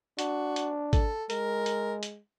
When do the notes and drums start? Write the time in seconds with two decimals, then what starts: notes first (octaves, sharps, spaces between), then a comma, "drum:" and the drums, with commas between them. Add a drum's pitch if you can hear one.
0.19 D4 F#4, drum: hi-hat
0.56 drum: hi-hat
0.93 A4, drum: kick, hi-hat
1.30 G#3 A#4, drum: hi-hat
1.66 drum: hi-hat
2.03 drum: hi-hat